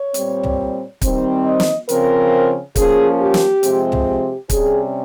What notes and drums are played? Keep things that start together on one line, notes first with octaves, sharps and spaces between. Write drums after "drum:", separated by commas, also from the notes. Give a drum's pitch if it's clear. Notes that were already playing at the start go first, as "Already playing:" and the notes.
Already playing: C#5
A#2 G3 C4, drum: hi-hat
drum: tom
D#3 G3 C4, drum: kick, hi-hat
D#5
drum: snare
C#3 F3 C4 A#4, drum: hi-hat
F3 A#3 C#4 G#4, drum: kick, hi-hat
G4
drum: snare
C3 F3 G#3 C4, drum: hi-hat
drum: tom
G4
C3 G3 C#4 G#4, drum: kick, hi-hat